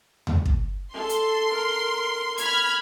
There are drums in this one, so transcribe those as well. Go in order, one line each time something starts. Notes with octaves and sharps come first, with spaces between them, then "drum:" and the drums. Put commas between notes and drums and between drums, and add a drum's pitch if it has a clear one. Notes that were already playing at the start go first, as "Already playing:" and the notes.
drum: tom D#2
drum: kick
A4 C6
drum: hi-hat
A#4
B5 F6 G#6, drum: hi-hat